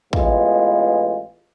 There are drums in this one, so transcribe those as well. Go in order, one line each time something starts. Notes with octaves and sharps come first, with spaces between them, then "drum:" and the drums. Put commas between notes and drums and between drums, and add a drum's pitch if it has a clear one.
A1 E3 G#3 B3 F4, drum: kick